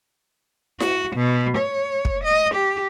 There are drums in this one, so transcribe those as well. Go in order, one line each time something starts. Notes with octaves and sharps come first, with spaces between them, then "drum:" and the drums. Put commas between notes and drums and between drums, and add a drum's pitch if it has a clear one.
F#4, drum: snare E4
B2
C#5
drum: kick
D#5
G4